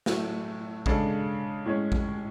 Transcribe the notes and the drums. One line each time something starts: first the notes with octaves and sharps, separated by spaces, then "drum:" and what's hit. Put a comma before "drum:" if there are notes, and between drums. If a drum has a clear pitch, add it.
A2 F#3 A3, drum: snare
C#3 G#3 D4 A4, drum: kick A1
A2 G#3 C#4
drum: kick A1